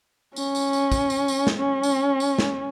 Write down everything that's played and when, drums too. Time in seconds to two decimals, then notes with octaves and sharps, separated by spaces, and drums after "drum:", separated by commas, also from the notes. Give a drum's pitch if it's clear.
0.36 C#4, drum: tambourine
0.55 drum: tambourine
0.73 drum: tambourine
0.92 drum: kick, tambourine
1.10 drum: tambourine
1.28 drum: tambourine
1.47 drum: snare
1.57 C#4
1.83 drum: tambourine
2.20 drum: tambourine
2.39 drum: snare